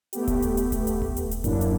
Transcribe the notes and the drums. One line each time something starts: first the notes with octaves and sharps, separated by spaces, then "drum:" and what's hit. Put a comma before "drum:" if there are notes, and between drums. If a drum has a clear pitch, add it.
A3 B3 G4, drum: hi-hat
drum: kick D#1, hi-hat
drum: hi-hat
drum: hi-hat
drum: kick D#1, hi-hat
drum: hi-hat
drum: kick D#1
drum: hi-hat
drum: hi-hat
F#2 A2 F#3 A#3 D4 E4, drum: kick D#1, hi-hat
drum: hi-hat